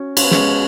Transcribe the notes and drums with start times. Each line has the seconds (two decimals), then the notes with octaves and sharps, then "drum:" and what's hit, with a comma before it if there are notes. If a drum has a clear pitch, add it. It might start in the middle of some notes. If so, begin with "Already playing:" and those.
Already playing: C#4 F#4
0.17 C#4, drum: cymbal
0.24 B3
0.31 G#3 C#4, drum: snare